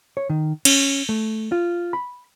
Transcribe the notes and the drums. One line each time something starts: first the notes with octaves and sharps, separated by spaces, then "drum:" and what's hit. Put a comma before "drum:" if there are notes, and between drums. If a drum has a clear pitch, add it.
C#5
D#3
C#4, drum: cymbal
A3
F4
B5